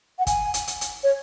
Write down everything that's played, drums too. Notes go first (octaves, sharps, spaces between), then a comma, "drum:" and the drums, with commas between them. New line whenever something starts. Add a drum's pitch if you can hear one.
F#5
G#5, drum: kick, hi-hat
drum: hi-hat
drum: hi-hat
drum: hi-hat
C#5